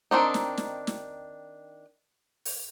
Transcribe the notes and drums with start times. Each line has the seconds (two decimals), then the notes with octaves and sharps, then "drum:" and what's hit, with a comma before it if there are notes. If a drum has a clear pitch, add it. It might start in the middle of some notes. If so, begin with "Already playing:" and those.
0.11 D#3 C4 D4 D#4
0.34 drum: snare
0.57 drum: snare
0.87 drum: snare
2.45 drum: open hi-hat